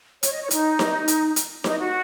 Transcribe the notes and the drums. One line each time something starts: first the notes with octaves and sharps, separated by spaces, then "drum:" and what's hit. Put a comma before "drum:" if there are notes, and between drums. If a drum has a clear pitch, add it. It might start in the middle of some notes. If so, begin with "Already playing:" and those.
C#5, drum: hi-hat
D#5
C#5
D#4, drum: hi-hat
drum: snare D#4
drum: hi-hat
drum: hi-hat
D#4, drum: snare D#4
F#4